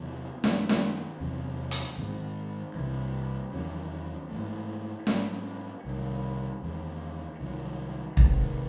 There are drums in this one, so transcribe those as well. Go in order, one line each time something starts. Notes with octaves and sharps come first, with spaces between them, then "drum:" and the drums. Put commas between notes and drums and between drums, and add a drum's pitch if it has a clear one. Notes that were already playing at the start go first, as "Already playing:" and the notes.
Already playing: E2 C3 F#3
F#2 D#3 F#3, drum: snare
drum: snare
E2 C3 F#3 C4
drum: hi-hat
G#2 D#3 G#3 C4
C2 C3 E3
E2 D#3 F#3 C#4
G#2 E3 A3
G#2 F#3 C#4, drum: snare
C2 C3 D#3
E2 D#3 G#3
C2 C3 D#3 F#3
C3 D#3 G#3, drum: kick